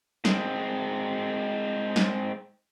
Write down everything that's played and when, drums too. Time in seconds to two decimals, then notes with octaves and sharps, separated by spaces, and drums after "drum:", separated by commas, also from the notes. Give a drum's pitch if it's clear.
0.25 G#3 C4, drum: snare
1.96 drum: snare